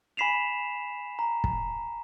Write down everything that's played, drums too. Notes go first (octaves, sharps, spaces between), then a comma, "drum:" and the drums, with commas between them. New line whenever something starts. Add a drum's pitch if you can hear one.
G#5 B5 B6 C7 E7 F7
A#5
drum: kick